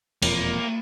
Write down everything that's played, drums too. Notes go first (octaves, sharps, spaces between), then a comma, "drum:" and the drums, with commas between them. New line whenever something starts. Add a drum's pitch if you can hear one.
E1 F2 A#2 A#3, drum: cymbal